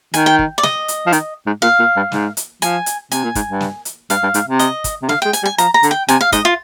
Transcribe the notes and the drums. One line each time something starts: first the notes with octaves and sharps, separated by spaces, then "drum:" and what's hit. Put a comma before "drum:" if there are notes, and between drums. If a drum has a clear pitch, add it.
D#3 G#5, drum: hi-hat
G5
drum: kick
D5
D#5, drum: snare
drum: hi-hat
F3
D#3, drum: hi-hat
G#2
A#2 F5
A#2
G2
G#2, drum: snare
drum: hi-hat
F3 G#5, drum: hi-hat
drum: hi-hat
C3 G#5, drum: hi-hat
A#2
G#2, drum: kick, hi-hat
G2
drum: snare
drum: hi-hat
G2 F5, drum: hi-hat
G2
G#2, drum: hi-hat
C3
D#5, drum: hi-hat
drum: kick, hi-hat
C3
D3 F5, drum: snare
G#3 G5
G#5, drum: hi-hat
G3
G#5
F3 A#5, drum: hi-hat
A#5
D3, drum: hi-hat
G5
C3 G#5, drum: hi-hat
F5
G#2 D#5, drum: kick, hi-hat
F4